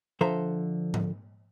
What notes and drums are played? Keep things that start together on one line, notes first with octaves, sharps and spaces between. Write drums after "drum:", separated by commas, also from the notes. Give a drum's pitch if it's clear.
D3 F3 A4 C5 E5 A#5
drum: tom G#2